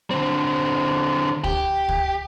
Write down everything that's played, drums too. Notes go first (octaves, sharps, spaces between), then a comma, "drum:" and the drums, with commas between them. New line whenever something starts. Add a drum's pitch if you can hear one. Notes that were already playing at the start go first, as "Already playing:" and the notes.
D3 C4
G4, drum: kick
drum: kick